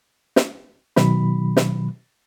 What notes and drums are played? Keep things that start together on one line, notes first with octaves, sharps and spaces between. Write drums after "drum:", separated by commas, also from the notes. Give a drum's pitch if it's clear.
drum: snare
B2 D#3 F#3 B5, drum: snare
drum: snare